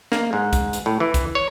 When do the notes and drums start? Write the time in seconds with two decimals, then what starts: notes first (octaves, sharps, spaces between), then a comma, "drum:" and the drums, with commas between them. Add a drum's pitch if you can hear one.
0.12 A#3, drum: snare
0.33 G#2
0.53 drum: kick, hi-hat
0.73 drum: hi-hat
0.86 A2
1.00 E3
1.14 drum: kick, hi-hat
1.35 C#5